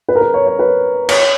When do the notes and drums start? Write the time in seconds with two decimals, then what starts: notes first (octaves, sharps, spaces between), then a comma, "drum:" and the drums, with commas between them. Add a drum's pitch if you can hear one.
0.09 B4
0.15 A#4
0.21 B4
0.34 C#5
0.47 C#5
0.59 B4
1.09 C#5, drum: cymbal